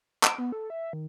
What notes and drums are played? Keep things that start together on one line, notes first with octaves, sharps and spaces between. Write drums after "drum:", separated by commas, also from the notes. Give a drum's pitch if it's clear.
D7, drum: clap
B3
A4
E5
D#3